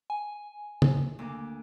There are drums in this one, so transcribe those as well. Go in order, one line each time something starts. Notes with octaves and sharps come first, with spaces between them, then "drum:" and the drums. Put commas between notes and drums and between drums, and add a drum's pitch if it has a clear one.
G#5
drum: tom
D2 A#3 D6